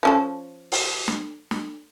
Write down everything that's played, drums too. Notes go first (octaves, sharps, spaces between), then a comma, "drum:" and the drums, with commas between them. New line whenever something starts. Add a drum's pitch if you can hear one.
F3 C#4 A4
drum: open hi-hat
drum: snare
drum: snare